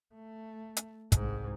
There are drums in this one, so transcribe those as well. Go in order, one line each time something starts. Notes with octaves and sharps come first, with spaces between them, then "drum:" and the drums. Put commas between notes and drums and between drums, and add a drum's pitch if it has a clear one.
A3
drum: hi-hat
C2 G#2, drum: kick, hi-hat